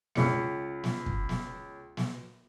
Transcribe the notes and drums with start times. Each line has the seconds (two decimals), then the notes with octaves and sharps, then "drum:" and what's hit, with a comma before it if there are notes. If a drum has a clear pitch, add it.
0.15 C#2 C#7, drum: snare
0.84 drum: snare
1.06 drum: kick
1.29 drum: snare
1.97 drum: snare